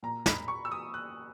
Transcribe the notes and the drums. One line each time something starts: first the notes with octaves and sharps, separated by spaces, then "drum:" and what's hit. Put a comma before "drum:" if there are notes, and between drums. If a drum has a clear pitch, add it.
A#2 A#5
B5, drum: snare
C#6
E6
D#6
F#6